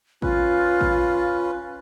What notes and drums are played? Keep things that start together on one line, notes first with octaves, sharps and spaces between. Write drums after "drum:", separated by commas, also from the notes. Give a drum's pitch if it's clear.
C#4 F4 B4, drum: kick A1
drum: kick A1